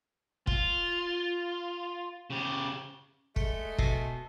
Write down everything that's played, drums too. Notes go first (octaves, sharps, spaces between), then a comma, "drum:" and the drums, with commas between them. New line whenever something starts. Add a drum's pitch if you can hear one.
F4, drum: kick
C#3 G4
G#3 A3 B6 C#7 G7, drum: kick
B2 A5 E6 C7, drum: kick